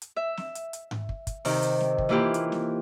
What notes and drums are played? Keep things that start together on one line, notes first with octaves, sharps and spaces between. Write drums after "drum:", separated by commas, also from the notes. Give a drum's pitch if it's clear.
drum: hi-hat
E5
drum: snare
drum: hi-hat
drum: hi-hat
drum: tom G#2
drum: kick
drum: kick, hi-hat
C3 D#3, drum: open hi-hat
drum: hi-hat
drum: snare
drum: kick
E3 A#3 E4 F4 G4
drum: hi-hat
drum: snare